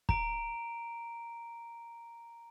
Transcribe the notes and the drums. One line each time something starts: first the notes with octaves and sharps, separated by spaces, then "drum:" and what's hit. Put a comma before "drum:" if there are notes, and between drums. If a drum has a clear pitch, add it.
A#5 D7, drum: kick